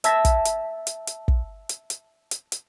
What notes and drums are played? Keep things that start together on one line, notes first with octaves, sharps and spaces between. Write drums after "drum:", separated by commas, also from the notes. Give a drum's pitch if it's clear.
E5 A5 E6 G#6 A#6 B6, drum: hi-hat
drum: kick, hi-hat
drum: hi-hat
drum: hi-hat
drum: hi-hat
drum: kick
drum: hi-hat
drum: hi-hat
drum: hi-hat
drum: hi-hat